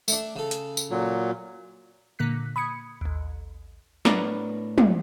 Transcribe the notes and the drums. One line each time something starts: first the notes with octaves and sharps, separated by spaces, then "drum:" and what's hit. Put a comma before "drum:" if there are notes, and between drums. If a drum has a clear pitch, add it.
A3 D4, drum: tambourine
C#3 A4
drum: hi-hat
drum: tambourine
A#2 F#3
A#2 D3 A#3 F#6 B6
B5 D#6 G#6 C#7
A1 D#2
A2 B3 D4 A#4 B4 D5, drum: snare
drum: tom